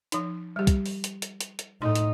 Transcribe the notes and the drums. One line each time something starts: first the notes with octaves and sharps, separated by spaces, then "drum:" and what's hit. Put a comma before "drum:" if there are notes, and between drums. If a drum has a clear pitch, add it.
F3 D#4, drum: hi-hat
G3 G4
drum: kick, hi-hat
drum: open hi-hat
drum: hi-hat
drum: hi-hat
drum: hi-hat
drum: hi-hat
A2 D#4 A4 C6
drum: hi-hat